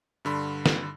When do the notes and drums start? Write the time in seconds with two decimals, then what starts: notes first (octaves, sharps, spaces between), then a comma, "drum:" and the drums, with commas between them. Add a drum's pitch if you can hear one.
0.25 G2 D3 B5 C6
0.66 drum: snare